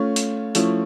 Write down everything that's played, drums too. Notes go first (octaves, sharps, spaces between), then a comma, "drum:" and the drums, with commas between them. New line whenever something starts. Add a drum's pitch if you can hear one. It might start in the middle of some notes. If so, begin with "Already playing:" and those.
Already playing: A3 C#4 F4
drum: hi-hat
F3 A3 C#4 E4, drum: hi-hat